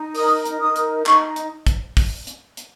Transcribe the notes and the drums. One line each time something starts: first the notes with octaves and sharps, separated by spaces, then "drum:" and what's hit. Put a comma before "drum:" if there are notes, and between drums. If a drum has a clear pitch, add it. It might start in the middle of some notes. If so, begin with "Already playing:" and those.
Already playing: D#4
A#4 D#6, drum: open hi-hat
drum: hi-hat
D#4 D#6
drum: hi-hat
D#4 C#6, drum: clap
drum: hi-hat
drum: kick, hi-hat
drum: kick, open hi-hat
drum: hi-hat
drum: hi-hat